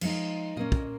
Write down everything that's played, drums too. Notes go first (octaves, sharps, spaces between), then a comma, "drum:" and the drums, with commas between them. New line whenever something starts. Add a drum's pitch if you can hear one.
F3 G#3 D#4 F5, drum: cymbal
A#2 A#3 C#4 D#5
drum: kick